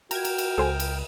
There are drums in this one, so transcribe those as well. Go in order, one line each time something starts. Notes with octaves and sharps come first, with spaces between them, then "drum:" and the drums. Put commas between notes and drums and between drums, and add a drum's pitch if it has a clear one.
F#4 A#4 G5 A#5 G#6, drum: cymbal
drum: cymbal
drum: cymbal
C#2 A4 C5 G#5
drum: cymbal